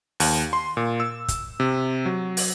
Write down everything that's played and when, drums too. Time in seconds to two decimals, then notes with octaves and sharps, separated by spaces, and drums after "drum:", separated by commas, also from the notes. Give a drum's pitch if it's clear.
0.20 D#2, drum: open hi-hat
0.53 C6
0.77 A#2
1.00 E6
1.28 drum: kick, hi-hat
1.60 C3
2.06 F#3
2.37 drum: open hi-hat